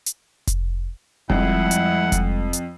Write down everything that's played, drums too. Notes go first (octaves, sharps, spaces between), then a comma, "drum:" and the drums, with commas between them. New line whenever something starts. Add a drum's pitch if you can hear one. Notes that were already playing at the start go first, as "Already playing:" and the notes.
drum: hi-hat
drum: kick F1, hi-hat
F2 F3 G3 G#3 E4 F#5, drum: kick F1
drum: hi-hat
drum: kick F1, hi-hat
drum: hi-hat